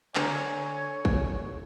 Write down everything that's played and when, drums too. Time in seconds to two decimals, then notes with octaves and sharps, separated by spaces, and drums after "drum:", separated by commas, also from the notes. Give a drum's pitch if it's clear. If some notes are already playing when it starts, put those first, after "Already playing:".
0.15 D3 C#5 G#5 A#5, drum: clap
1.05 drum: kick